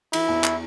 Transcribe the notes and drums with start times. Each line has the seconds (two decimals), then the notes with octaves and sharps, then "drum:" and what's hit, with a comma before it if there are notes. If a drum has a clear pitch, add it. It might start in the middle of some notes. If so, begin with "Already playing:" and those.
0.13 E3 E4, drum: cymbal
0.28 E2
0.44 drum: clap